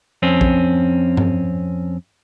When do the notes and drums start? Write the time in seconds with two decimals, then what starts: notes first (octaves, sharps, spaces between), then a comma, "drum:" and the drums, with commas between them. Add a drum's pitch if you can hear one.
0.22 F2 C4 C#4
0.41 drum: kick
1.17 drum: tom G2